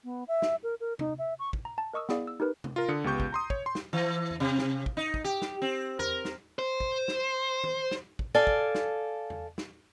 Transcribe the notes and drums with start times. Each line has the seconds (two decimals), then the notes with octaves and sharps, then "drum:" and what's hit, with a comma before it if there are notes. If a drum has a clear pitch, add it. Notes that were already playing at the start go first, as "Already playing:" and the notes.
0.04 B3
0.28 E5
0.42 drum: snare
0.63 A#4
0.80 A#4
0.99 D#4, drum: tom C3
1.19 E5
1.39 C#6
1.53 drum: kick
1.65 A#5
1.78 A5
1.93 A#4 D#5 C#6 D#6 E6
2.09 B3 E4 G#4 D5 F5, drum: snare
2.27 E6
2.40 D#4 G4 A#4 B4
2.64 drum: tom C3
2.76 F4 A#4
2.88 D3 D#6 C#7
3.04 C#2 B3 G4 C#6 G6
3.20 drum: kick
3.32 A#5 C6 D#6
3.50 C#5, drum: kick
3.66 C6
3.75 drum: snare
3.93 E3
4.31 drum: tom E2
4.40 C3
4.58 drum: snare
4.86 drum: kick
4.97 D#4
5.14 drum: kick
5.24 G4
5.42 drum: snare
5.62 C4
5.99 A#4, drum: tom E2
6.25 drum: snare
6.59 C5
6.80 drum: kick
7.08 drum: snare
7.64 drum: tom D#3
7.91 drum: snare
8.19 drum: kick
8.35 A4 D5 F5 G#5
8.47 drum: kick
8.75 drum: snare
9.30 drum: tom E2
9.58 drum: snare